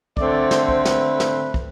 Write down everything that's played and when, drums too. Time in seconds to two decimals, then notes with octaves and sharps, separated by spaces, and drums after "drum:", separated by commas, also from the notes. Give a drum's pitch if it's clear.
0.17 D3 A3 C4 D5, drum: kick
0.51 C5, drum: snare
0.68 drum: kick
0.85 B4, drum: snare
1.20 drum: snare
1.54 drum: kick